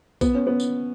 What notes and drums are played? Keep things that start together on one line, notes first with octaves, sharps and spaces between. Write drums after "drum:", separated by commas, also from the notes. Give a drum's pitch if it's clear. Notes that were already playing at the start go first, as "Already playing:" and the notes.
B3, drum: kick B1, tambourine
C#4
B3
drum: tambourine